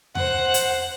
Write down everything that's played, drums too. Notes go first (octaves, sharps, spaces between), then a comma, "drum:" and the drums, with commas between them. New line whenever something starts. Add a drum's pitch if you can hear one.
C5 F#5, drum: tom E2
drum: hi-hat